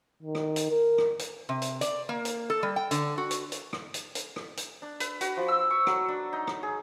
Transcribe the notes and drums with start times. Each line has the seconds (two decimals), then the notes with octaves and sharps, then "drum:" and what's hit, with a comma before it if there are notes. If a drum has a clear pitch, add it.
0.22 D#3
0.35 drum: rim click
0.56 drum: hi-hat
0.70 A#4
0.98 drum: rim click
1.19 drum: hi-hat
1.49 C3
1.62 drum: hi-hat
1.81 D5, drum: hi-hat
2.09 A#3
2.25 drum: hi-hat
2.50 A4
2.63 G3
2.76 G5
2.91 D3, drum: hi-hat
3.18 F#4
3.31 drum: hi-hat
3.52 drum: hi-hat
3.73 drum: rim click
3.94 drum: hi-hat
4.15 drum: hi-hat
4.36 drum: rim click
4.57 drum: hi-hat
4.82 D4
5.00 B4, drum: hi-hat
5.21 F#4, drum: hi-hat
5.37 F3
5.48 E6
5.70 C#6
5.87 F#3, drum: rim click
6.09 D4
6.33 D#4
6.47 drum: rim click
6.63 G#4